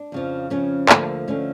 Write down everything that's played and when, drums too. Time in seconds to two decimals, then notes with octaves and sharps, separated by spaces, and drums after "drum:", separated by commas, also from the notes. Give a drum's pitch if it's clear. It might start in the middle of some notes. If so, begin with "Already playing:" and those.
Already playing: D4
0.12 F2 C#3 F3
0.50 F2 C#3 F3 C#4
0.89 D2 D3 F3 A#3, drum: clap
1.28 D2 D3 F3 C#4